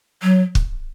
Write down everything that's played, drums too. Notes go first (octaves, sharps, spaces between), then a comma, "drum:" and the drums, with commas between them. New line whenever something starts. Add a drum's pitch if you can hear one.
F#3
drum: kick